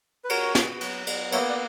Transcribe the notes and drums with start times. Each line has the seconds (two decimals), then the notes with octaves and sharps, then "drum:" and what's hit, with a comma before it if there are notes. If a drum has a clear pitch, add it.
0.24 B4
0.29 F#4 A#4 C#5, drum: cymbal
0.55 B3, drum: snare
0.81 F#3, drum: cymbal
1.07 B3, drum: cymbal
1.32 A#3 C#5 E5, drum: cymbal
1.49 D5 F#5